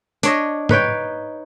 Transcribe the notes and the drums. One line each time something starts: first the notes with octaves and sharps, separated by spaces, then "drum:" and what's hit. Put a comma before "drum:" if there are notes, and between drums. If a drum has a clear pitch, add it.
D4 C#5 D#5, drum: hi-hat
D#4 B4 C#5 G5, drum: tom G#2